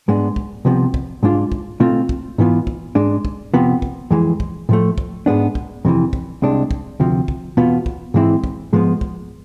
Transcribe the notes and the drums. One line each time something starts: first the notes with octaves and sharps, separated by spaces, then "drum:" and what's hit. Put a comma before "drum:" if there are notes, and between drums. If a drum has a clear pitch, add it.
G#2 G#3 B3 D4
drum: kick
C2 C3 F3 B3
drum: kick
G#2 G#3 D4 F4
drum: kick
B2 A3 C4 F4
drum: kick
G#2 E3 B3 F4
drum: kick
G#2 G#3 D4
drum: kick
F2 C3 F3 B3
drum: kick
F2 E3 G#3
drum: kick
A2 F3 A3
drum: kick
G#2 G#3 B3 D4
drum: kick
F2 C3 E3
drum: kick
C2 C3 G#3 D4
drum: kick
D2 C3 F3
drum: kick
E2 B2 B3 F4
drum: kick
G#2 E3 G#3 C4 E4
drum: kick
G#2 F3 G#3 B3
drum: kick